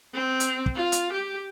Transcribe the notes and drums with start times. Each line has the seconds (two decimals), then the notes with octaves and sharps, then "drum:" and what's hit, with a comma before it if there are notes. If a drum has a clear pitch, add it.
0.14 C4
0.40 drum: hi-hat
0.66 drum: kick
0.75 F4
0.92 drum: hi-hat
1.12 G4